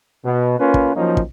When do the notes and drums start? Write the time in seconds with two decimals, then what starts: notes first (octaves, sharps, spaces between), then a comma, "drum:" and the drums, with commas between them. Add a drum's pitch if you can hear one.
0.25 B2
0.59 A#3 C#4 F4 B4
0.74 drum: kick
0.96 F3 F#3 A#3 C#4 D#4
1.17 drum: kick